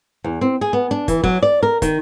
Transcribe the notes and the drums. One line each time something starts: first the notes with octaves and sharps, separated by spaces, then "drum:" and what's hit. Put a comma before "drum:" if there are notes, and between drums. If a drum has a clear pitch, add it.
E2
C4
G#4
B3
D4
E3, drum: kick, hi-hat
F#3, drum: kick
D5
A#4
D#3, drum: kick, hi-hat